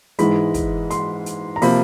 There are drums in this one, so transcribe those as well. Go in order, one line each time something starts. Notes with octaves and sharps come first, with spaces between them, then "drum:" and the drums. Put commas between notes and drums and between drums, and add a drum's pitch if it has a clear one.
G#2 E3 G#3 B5, drum: hi-hat
drum: kick, hi-hat
C6, drum: hi-hat
drum: hi-hat
A#5
C3 F3 A#3 B5, drum: open hi-hat